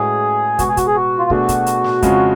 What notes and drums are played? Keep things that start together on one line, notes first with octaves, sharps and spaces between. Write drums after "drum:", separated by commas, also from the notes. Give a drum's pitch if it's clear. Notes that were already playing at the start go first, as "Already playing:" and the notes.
Already playing: A2 G#3 C#4 F#4 G#4 B4
B2 G#3 B3 F#4, drum: kick, hi-hat
G#4
F#4, drum: kick, hi-hat
G#4
F#4
F4
B2 A3 D4 F#4 G#4, drum: kick
drum: kick, hi-hat
drum: hi-hat
drum: snare
F2 C#3 F3 G#3, drum: kick, hi-hat